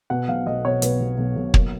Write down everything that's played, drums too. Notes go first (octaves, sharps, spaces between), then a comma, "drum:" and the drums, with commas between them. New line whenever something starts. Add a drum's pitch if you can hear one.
B2 F#5
B1 F5
B1 D#5
B2 C#5
B1 B4, drum: hi-hat
B1
B1
B1
A#3, drum: kick